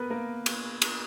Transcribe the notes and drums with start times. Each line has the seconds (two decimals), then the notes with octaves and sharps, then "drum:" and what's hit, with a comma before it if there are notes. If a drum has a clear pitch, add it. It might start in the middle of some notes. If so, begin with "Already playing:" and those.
Already playing: B3 A#4 B4
0.10 A#3 A#4
0.46 drum: cymbal
0.82 drum: cymbal